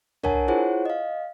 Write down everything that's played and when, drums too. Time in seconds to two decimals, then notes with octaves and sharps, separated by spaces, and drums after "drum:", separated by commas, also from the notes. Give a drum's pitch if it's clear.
0.23 D4 A#4 C#5 F#5 G#5 A5, drum: tom C2
0.48 E4 F4 G#4 C5 C#5 F#5
0.86 D#5 F5